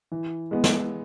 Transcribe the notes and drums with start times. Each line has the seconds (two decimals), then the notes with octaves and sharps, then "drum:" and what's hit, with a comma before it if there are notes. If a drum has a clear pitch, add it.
0.12 E3
0.51 G#3 B3
0.64 drum: snare